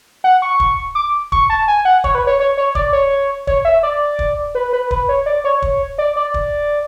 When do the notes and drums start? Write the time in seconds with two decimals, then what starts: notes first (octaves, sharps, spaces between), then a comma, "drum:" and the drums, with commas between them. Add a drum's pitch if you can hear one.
0.24 F#5
0.42 C#6
0.60 drum: kick
0.95 D6
1.32 C#6, drum: kick
1.50 A5
1.68 G#5
1.85 F#5
2.04 C#5, drum: kick
2.15 B4
2.27 C#5
2.40 C#5
2.57 C#5
2.75 D5, drum: kick
2.93 C#5
3.47 C#5, drum: kick
3.65 E5
3.83 D5
4.19 drum: kick
4.55 B4
4.73 B4
4.91 B4, drum: kick
5.09 C#5
5.26 D5
5.44 C#5
5.62 drum: kick
5.98 D5
6.16 D5
6.34 drum: kick